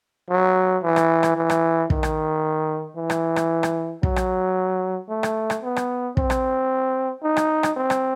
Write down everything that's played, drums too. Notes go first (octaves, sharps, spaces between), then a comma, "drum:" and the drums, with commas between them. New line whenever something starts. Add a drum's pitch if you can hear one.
F#3
E3
drum: rim click
drum: rim click
E3
drum: rim click
D#3, drum: kick
drum: rim click
E3
drum: rim click
drum: rim click
drum: rim click
F#3, drum: kick
drum: rim click
A3
drum: rim click
drum: rim click
B3
drum: rim click
C4, drum: kick
drum: rim click
D#4
drum: rim click
drum: rim click
C4
drum: rim click